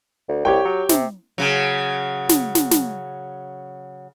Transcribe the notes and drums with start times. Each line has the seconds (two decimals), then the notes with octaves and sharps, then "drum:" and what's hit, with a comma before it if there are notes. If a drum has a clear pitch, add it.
0.29 D2
0.45 C2 G4 C#5 G5
0.65 F#3
0.89 C3, drum: snare
1.38 C#3 F#3
2.29 drum: snare
2.55 drum: snare
2.71 drum: snare